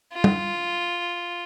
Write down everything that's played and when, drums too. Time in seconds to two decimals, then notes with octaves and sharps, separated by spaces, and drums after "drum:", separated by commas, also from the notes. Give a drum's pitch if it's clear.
0.13 F4
0.24 drum: tom